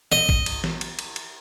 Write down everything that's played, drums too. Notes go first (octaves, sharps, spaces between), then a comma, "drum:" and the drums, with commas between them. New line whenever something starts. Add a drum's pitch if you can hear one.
D#5, drum: snare
drum: kick
drum: cymbal
drum: snare
drum: cymbal
drum: cymbal
drum: cymbal